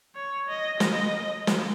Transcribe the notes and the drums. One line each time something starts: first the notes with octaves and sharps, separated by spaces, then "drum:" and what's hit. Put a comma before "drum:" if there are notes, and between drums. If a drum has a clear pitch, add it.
C#5
D#5
D#5, drum: snare
drum: snare